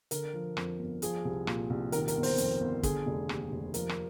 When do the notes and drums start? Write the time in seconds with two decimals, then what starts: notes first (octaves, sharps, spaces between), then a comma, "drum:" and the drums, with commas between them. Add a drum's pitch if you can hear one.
0.11 D3 A#4, drum: hi-hat
0.33 F3
0.57 F2, drum: rim click
0.79 G1
1.02 F3 G#4, drum: hi-hat
1.25 C2
1.47 A#2, drum: rim click
1.70 C2
1.92 D#3 A#4, drum: hi-hat
2.08 A#4, drum: hi-hat
2.15 G1
2.23 C5, drum: open hi-hat
2.38 F2, drum: hi-hat
2.60 G1
2.83 D3 G#4, drum: kick, hi-hat
3.06 F1
3.29 D#2, drum: rim click
3.51 F1
3.74 F3 A#4, drum: hi-hat
3.89 drum: rim click